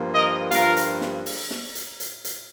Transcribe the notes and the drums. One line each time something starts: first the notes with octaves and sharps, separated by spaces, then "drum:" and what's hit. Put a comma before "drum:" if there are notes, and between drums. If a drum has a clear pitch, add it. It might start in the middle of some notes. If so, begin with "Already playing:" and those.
Already playing: G2 F3 A#3
A#4 D#5
G2 F3 A#3 F4 A#4, drum: hi-hat
drum: hi-hat
drum: snare
drum: open hi-hat
drum: snare
drum: hi-hat
drum: hi-hat
drum: hi-hat